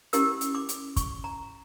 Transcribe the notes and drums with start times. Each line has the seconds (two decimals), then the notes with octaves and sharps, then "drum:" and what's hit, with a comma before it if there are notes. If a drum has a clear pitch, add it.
0.13 C#4 E4 G4 A#4 E6, drum: hi-hat
0.41 drum: hi-hat
0.55 D6
0.69 drum: hi-hat
0.96 C#6, drum: kick, hi-hat
1.24 A#5